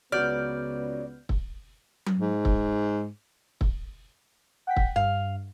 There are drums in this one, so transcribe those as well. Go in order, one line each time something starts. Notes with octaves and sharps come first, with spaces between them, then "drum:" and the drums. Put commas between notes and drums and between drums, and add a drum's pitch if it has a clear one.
C#2 C#3 F#3 B3 F#4 D5 F6 G6
drum: kick
drum: tom F#3
G#2
drum: kick
drum: kick
F#5 G5 B6
drum: kick
G2 F5